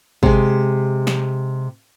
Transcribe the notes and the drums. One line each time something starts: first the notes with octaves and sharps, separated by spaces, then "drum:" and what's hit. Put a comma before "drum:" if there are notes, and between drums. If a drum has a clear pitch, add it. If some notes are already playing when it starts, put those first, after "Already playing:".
C3 G#3, drum: kick
drum: snare